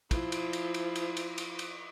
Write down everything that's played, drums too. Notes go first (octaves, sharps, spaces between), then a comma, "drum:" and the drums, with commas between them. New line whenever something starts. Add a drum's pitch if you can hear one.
F3 E4, drum: kick, cymbal
drum: cymbal
drum: cymbal
drum: cymbal
drum: cymbal
drum: cymbal
drum: cymbal
drum: cymbal